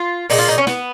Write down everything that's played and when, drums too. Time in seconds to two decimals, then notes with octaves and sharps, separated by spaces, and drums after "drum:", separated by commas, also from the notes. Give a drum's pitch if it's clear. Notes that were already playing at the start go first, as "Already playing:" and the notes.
Already playing: F4
0.30 A#2 G#3 D#4, drum: open hi-hat
0.39 F4
0.48 D#4
0.58 C#4
0.67 B3, drum: snare